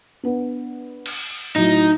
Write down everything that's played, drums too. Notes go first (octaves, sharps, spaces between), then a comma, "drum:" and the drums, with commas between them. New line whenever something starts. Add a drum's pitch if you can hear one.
B3 D4
drum: cymbal
drum: tambourine
A2 F#3 D#4